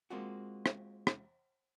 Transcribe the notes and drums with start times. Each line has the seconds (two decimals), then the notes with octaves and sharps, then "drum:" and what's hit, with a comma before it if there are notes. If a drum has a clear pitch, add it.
0.10 G#3 A#3 C4 F4 F#4
0.66 drum: rim click
1.07 drum: rim click